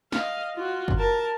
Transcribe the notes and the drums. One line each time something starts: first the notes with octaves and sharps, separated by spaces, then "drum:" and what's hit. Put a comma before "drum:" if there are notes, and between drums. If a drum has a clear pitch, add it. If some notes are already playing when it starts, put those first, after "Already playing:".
D#5 F5, drum: snare
F4 F#4
drum: kick
A#4 A5